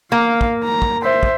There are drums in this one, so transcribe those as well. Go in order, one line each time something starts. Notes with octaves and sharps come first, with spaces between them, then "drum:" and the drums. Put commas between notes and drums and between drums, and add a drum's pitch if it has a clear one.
A#3 F5
drum: kick
A#5
drum: kick
C5 E5
drum: kick